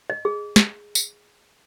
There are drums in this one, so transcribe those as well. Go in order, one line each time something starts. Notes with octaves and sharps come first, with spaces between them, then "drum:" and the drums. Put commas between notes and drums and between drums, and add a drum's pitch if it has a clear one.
D#5
G#4
drum: snare
drum: tambourine